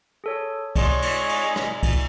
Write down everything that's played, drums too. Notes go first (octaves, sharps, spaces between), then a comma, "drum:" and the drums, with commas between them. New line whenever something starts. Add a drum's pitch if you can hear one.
G#4 A4 C#5
G#3 C#5 D5 C6, drum: kick C2, cymbal
drum: cymbal
drum: cymbal
drum: rim click
drum: kick C2, cymbal